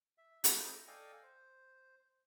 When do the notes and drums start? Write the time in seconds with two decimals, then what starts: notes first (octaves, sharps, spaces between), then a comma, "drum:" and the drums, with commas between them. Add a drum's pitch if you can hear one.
0.18 E5
0.44 D#4 E4 G4 A4 C5 D#5, drum: hi-hat
0.88 A4 D5 D#5 F5 G5 G#5
1.23 C5